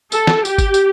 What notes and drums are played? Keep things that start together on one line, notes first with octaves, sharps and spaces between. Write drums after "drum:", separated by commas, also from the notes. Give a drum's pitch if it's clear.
A4, drum: tambourine
drum: snare
G4, drum: tambourine
drum: kick G#1, tambourine
drum: tambourine